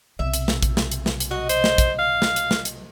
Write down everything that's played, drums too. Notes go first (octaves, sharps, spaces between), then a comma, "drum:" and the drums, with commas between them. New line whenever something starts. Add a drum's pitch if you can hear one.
B1 C3 E5
drum: hi-hat
drum: snare
drum: kick, hi-hat
drum: snare
drum: hi-hat
drum: snare
drum: hi-hat
F#4 D#5
C5, drum: hi-hat
drum: snare
drum: kick, hi-hat
F5
drum: snare
drum: hi-hat
drum: snare
drum: hi-hat